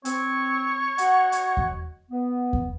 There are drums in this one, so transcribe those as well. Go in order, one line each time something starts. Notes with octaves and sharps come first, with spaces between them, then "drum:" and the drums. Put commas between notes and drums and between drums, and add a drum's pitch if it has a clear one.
C4 C#5, drum: hi-hat
F#4 D#5 F#5, drum: hi-hat
drum: hi-hat
drum: kick E2
B3
drum: kick E2